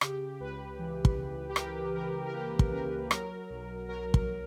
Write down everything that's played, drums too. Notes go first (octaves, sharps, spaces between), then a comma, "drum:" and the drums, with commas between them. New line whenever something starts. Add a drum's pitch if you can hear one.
C#3 G4, drum: rim click
C#2 B4
E3
drum: kick
C#3
G4
E3 A#4, drum: rim click
E3 A#4
A#4
A#3 G4
drum: kick
C#3 A#4
F#3 A#4, drum: rim click
B1
F#3 A#4
drum: kick